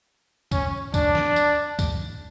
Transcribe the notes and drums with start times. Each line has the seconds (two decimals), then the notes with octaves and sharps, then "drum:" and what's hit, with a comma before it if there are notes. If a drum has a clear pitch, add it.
0.52 C#4, drum: kick, tambourine
0.94 D4, drum: kick, tambourine
1.15 drum: snare
1.36 drum: tambourine
1.79 drum: kick, tambourine